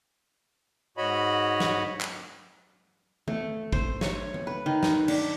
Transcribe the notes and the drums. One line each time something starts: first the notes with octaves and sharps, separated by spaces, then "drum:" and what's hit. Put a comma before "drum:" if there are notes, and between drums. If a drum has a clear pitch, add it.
G#2 F#4 C#5 D#5 B5
drum: snare
drum: clap
A3, drum: tom D#3
C5, drum: kick G#1
C#5, drum: snare
drum: tom D#3
B4
D#3
drum: snare
D4, drum: cymbal